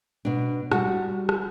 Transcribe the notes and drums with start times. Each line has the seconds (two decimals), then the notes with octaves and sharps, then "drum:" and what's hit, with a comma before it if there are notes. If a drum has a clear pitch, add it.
0.25 B2 D4
0.72 G3 F#4, drum: rim click
1.29 drum: rim click